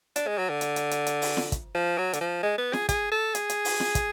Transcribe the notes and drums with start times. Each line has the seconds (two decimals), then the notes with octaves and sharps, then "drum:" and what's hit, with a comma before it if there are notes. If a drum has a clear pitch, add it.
0.16 D4, drum: hi-hat
0.27 G#3
0.38 F#3
0.50 D3
0.61 drum: hi-hat
0.76 drum: hi-hat
0.91 drum: hi-hat
1.07 drum: hi-hat
1.22 drum: open hi-hat
1.37 drum: snare
1.52 drum: kick, hi-hat
1.75 F3
1.98 F#3
2.13 D3, drum: hi-hat
2.21 F3
2.43 G#3
2.58 B3
2.73 G#4, drum: snare
2.89 G#4, drum: kick, hi-hat
3.12 A4
3.35 G#4, drum: hi-hat
3.50 drum: hi-hat
3.65 drum: open hi-hat
3.80 drum: snare
3.95 drum: kick, hi-hat